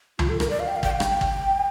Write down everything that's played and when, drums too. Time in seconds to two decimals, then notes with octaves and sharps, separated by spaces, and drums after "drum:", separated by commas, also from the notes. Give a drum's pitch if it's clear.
0.19 F4, drum: tom C#2
0.29 A4
0.40 A#4, drum: rim click
0.50 D5
0.60 F5
0.68 G5
0.76 F5
0.83 G5, drum: kick
0.91 F5
1.00 G5, drum: rim click
1.21 drum: kick